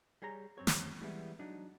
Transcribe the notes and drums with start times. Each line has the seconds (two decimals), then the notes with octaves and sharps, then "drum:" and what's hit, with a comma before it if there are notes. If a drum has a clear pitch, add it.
0.22 G3 G#4 C#5 A#5
0.58 F#2 C4 C#5
0.67 drum: snare
1.01 E3 G3 G#3 B3 E4
1.39 F#3 D4 D#4